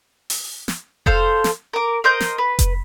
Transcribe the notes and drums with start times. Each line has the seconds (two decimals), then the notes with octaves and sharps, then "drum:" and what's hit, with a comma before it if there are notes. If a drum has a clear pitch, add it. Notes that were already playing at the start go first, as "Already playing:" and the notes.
0.30 drum: open hi-hat
0.68 drum: snare
1.06 A4 C5 F5, drum: kick F1
1.44 drum: snare
1.73 A#4 D6
2.04 A#4 C5 D#5 G6
2.20 drum: snare
2.38 B4
2.59 drum: kick F1, hi-hat